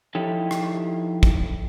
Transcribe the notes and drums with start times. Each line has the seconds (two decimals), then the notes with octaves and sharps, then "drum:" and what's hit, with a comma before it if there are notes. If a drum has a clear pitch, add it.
0.15 F3 D#4 E4 G4 A4 C#5
0.51 drum: rim click
1.23 drum: kick